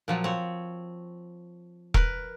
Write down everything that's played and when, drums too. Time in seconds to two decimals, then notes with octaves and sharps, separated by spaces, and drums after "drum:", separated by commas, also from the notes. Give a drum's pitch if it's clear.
0.08 A#2 F3 F#3
0.24 C4 C#5
1.94 A#4 B4, drum: kick E1